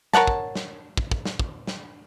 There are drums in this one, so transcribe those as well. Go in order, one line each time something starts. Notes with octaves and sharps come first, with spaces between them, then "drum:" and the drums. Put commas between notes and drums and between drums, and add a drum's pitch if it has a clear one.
A#4 C#5 F#5 A5, drum: snare
drum: kick
drum: snare
drum: kick
drum: kick
drum: snare
drum: kick
drum: snare